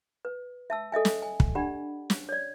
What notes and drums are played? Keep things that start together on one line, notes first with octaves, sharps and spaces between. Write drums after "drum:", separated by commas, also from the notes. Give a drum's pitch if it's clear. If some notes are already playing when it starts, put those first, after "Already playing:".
B4
E5 A5 E6
A4 D#5 E5 G#5
drum: snare
G#5
drum: kick
D4 G4 D5 F#5 B5
drum: snare
C#5 D5